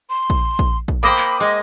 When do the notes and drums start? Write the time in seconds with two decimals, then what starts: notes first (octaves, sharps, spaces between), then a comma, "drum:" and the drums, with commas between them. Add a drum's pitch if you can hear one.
0.10 C6
0.30 drum: kick A#1
0.59 drum: kick A#1
0.88 drum: kick A#1
1.03 A#3 C5 G5 B5 D6 D#6 A#6
1.18 drum: clap
1.40 G#3 D#5